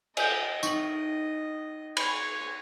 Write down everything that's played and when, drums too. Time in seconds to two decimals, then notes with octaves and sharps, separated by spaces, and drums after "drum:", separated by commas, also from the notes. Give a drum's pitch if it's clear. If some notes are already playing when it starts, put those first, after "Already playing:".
0.17 D#5 G#5 G6, drum: cymbal
0.63 D#4 C#6 F#7, drum: tambourine
1.97 C#5 G#5 B5, drum: cymbal